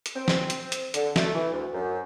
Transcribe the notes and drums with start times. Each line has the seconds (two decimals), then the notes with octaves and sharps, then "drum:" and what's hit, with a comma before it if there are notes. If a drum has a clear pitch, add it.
0.06 drum: hi-hat
0.15 C4
0.28 drum: snare
0.50 drum: hi-hat
0.72 drum: hi-hat
0.94 D3, drum: hi-hat
1.16 A3, drum: snare
1.34 E3
1.52 D2
1.74 F#2